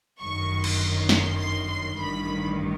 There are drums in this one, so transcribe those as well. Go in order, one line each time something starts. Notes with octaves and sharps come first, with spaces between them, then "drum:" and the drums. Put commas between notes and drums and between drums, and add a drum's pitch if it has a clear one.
G1 F#2 D#3 C#6
C6, drum: cymbal
C6, drum: snare
C6
C6
A1 G2 D#3 B5